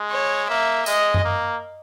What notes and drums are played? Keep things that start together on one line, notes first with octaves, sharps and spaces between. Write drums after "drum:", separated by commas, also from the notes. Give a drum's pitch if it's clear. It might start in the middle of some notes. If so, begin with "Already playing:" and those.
Already playing: G#3
C#5
A#3 E5
G#3 D#5, drum: tambourine
drum: tom F#2
A#3